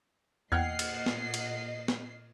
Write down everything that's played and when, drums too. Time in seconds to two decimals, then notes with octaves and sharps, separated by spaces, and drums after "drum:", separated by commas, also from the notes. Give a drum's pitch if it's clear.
0.52 E2 A#2 D#5 F#5 G5 F6 G#6 C7
0.79 drum: cymbal
1.06 drum: snare
1.34 drum: cymbal
1.88 drum: snare